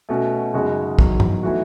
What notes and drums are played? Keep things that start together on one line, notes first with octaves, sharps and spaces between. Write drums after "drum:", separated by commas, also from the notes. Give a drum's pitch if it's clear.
B2 A3 C#4 F#4
F#2 C#3 G#3 D#4 F#4
E2 D#3 F#3, drum: kick
drum: tom
E3 A3 D#4 F#4